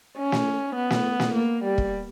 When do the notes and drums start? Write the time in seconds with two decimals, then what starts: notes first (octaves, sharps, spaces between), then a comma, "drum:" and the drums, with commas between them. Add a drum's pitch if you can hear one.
0.18 C#4
0.32 drum: snare
0.76 B3
0.90 drum: snare
1.20 drum: snare
1.34 A#3
1.64 G3
1.78 drum: kick